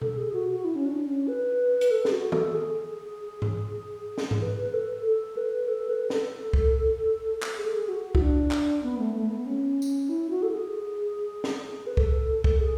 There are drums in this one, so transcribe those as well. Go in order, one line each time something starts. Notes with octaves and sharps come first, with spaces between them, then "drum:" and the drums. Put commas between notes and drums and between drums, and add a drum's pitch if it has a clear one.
A4, drum: tom B2
G#4
F#4
F#4
E4
C#4
D4
C#4
B4
drum: hi-hat
A4
G#4, drum: snare
F#4
A4, drum: tom D#3
G#4
drum: tom G#2
drum: snare
drum: tom G#2
B4
A4
A4
B4
A4
B4
A4, drum: snare
drum: kick
drum: clap
G#4
A4
G#4
F#4
E4, drum: kick
D4
drum: clap
B3
A3
A3
B3
C#4
drum: tambourine
E4
F#4
A4
G#4
drum: snare
B4
A4, drum: kick
drum: kick
G#4